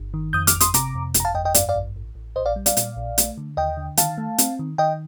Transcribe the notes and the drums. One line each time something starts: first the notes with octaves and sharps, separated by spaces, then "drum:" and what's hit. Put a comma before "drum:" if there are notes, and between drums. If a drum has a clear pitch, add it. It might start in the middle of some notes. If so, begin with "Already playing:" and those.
Already playing: G1
D#3
F2 D#6 G6
D6 F6, drum: hi-hat
G1
C6 D#6, drum: hi-hat
C3 A#5 D6, drum: hi-hat
F2
G1, drum: hi-hat
A#5
F5 A5
F2 D#5 G5
D#5 G5
G2 D5 F5, drum: hi-hat
D5 F5
A1
A1
A1
A#1 C5 D#5
D5 F5
G3
D5 F5, drum: hi-hat
A#2, drum: hi-hat
A#1
A3, drum: hi-hat
D3
D#2 D#5 G5
D3
D#3 F5 A5, drum: hi-hat
A3
C4, drum: hi-hat
D#3
D#3 D#5 G5